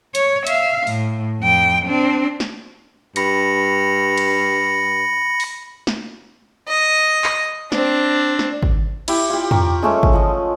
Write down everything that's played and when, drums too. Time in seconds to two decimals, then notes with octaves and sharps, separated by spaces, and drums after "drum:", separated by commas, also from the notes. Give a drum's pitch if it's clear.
0.15 C#5, drum: hi-hat
0.47 E5 F5, drum: hi-hat
0.87 A2, drum: open hi-hat
1.41 F2 G5
1.86 C4 D4
2.40 drum: snare
3.16 G2 B5 A#6 C#7, drum: hi-hat
4.18 drum: cymbal
5.40 drum: open hi-hat
5.87 drum: snare
6.68 D#5
7.24 drum: clap
7.72 C4 D4, drum: snare
8.39 drum: snare
8.62 drum: kick G#1
9.08 E4 G4, drum: cymbal
9.30 F4 G4
9.51 G4 A#4 C#6, drum: tom
9.83 G#3 A3 C#4, drum: tom
10.03 drum: kick G#1
10.13 F3 D#5